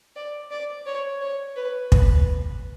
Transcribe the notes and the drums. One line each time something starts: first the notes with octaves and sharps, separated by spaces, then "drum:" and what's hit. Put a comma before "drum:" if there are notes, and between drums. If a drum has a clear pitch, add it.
D5
D5
C#5
C#5
B4
B4, drum: kick